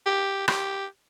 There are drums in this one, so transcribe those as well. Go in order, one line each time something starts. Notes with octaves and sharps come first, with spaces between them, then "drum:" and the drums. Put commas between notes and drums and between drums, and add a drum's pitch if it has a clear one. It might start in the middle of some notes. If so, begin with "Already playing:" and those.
G4
G4, drum: rim click